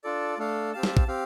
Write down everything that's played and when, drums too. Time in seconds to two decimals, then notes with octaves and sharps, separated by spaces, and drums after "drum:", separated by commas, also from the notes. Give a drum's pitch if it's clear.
0.04 D4 F4 A4 D5
0.38 A3 D4 A4 F5
0.73 C4 G4 F5 A5
0.83 drum: snare
0.97 drum: kick
1.08 C4 G4 F5